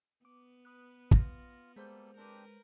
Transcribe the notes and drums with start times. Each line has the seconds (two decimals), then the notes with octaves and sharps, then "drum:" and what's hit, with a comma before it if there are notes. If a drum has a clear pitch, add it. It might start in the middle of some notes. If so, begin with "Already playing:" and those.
0.25 B3 D6
0.65 B4 D#6 F#6
1.11 F4 A#6, drum: kick
1.76 G3 G#3 A#3 A4 C5 G6
2.17 C4 D4 G4 A#4 B4